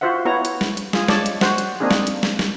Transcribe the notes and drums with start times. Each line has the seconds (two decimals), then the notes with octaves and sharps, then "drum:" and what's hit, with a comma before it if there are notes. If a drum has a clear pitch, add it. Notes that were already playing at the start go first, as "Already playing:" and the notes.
0.01 F4 F#4 C5 E5 F#5
0.25 B3 E4 F#4 C#5 A#5
0.45 drum: hi-hat
0.61 drum: snare
0.77 drum: hi-hat
0.93 F4 G#4, drum: snare
1.08 G#3 C#5 D5 A5, drum: snare
1.26 drum: hi-hat
1.41 F#4 C5 F#5, drum: snare
1.58 drum: hi-hat
1.80 A#3 C4 D4 D#4 G#4
1.91 drum: snare
2.07 drum: hi-hat
2.23 drum: snare
2.39 drum: snare